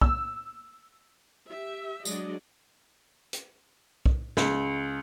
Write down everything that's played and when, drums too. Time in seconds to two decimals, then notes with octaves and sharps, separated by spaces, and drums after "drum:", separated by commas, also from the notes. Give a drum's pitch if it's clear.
0.01 E6, drum: kick B1
1.50 G4 E5
2.05 F#3 G#3 D4 D5 D#5, drum: tambourine
3.33 drum: hi-hat
4.06 drum: kick B1
4.37 C#2, drum: snare